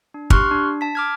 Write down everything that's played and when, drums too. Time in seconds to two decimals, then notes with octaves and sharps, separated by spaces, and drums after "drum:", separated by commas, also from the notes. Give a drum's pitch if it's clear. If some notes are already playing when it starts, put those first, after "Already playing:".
0.14 D4
0.30 G4 C6 C#6 F6 F#6, drum: kick
0.51 D4
0.81 A5 B6
0.95 D6 F6 G#6